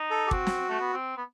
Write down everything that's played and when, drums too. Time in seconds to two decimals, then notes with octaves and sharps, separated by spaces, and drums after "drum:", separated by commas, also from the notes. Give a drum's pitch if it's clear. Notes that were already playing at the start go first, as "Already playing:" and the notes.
Already playing: D#4
0.10 A4
0.27 G4
0.31 C4 F#4, drum: kick
0.47 drum: snare
0.69 A3
0.80 B3
0.93 C4
1.17 B3